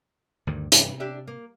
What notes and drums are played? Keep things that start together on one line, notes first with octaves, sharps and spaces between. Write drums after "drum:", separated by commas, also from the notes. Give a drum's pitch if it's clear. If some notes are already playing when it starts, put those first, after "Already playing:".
D2 G2 D#3
G2 C3 E3, drum: hi-hat
D4 G4 E5
A#3